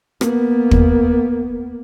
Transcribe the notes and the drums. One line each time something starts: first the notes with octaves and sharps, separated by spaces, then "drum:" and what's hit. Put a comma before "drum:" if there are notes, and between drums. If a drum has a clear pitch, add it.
A#3 B3, drum: rim click
drum: kick